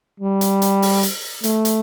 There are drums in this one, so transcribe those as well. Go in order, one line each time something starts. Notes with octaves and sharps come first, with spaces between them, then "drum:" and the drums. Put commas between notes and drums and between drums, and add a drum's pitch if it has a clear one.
G3
drum: hi-hat
drum: hi-hat
drum: open hi-hat
drum: hi-hat
A3, drum: hi-hat
drum: hi-hat